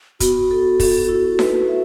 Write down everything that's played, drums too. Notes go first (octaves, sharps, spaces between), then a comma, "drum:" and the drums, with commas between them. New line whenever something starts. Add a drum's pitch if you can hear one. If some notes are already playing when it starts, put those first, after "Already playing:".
B3 F#4, drum: kick, hi-hat
A4
A4, drum: kick, open hi-hat
E4
B4, drum: snare D#4
E5